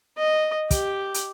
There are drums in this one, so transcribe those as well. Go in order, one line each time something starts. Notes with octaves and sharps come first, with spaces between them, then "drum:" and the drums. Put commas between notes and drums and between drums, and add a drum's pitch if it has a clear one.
D#5
G4, drum: kick, hi-hat
drum: hi-hat